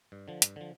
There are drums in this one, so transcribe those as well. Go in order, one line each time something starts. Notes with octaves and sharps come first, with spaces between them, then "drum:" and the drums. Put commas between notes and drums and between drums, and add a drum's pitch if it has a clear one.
G2
D3 F3
G2, drum: hi-hat
D3 F3